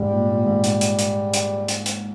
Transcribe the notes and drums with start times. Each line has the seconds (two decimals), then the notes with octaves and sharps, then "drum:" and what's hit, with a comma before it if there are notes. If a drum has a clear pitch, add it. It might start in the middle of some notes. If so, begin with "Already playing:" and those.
Already playing: G#2 G3
0.11 A#2
0.29 A#2
0.46 G#2
0.64 G#2, drum: hi-hat
0.81 drum: hi-hat
0.99 drum: hi-hat
1.34 drum: hi-hat
1.68 drum: hi-hat
1.86 drum: hi-hat